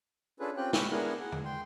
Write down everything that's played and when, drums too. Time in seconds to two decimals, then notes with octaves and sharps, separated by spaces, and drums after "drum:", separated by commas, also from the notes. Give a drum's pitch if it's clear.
0.40 C#4 D4 F4 G#4 A4 B4
0.57 C4 C#4 F4 G4 G5 F#6
0.73 G4 B4 C#6 D6 E6 F6, drum: snare
0.91 B3 D4 E4 G#4 A#4 F#5
1.20 G#4 F#5
1.32 drum: tom
1.45 G5 C6